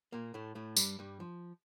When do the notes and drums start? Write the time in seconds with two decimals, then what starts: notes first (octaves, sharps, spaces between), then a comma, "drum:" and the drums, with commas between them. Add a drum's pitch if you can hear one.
0.12 A#2 A#3
0.34 A2 A3
0.55 A2 A3
0.77 G2 G3, drum: tambourine
0.99 G2 G3
1.20 F3